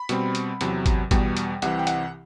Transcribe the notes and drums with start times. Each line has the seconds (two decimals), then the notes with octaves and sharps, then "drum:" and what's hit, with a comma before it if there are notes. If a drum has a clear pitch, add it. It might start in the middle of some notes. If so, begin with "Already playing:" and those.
Already playing: B5
0.09 B2 G3 C4, drum: hi-hat
0.35 drum: hi-hat
0.61 E2 C3 F#3, drum: hi-hat
0.86 drum: kick G#1, hi-hat
1.11 E2 B2 G3 G5, drum: kick G#1, hi-hat
1.37 drum: hi-hat
1.62 C2 C3 E3 F#5, drum: hi-hat
1.79 G5
1.87 F#5, drum: hi-hat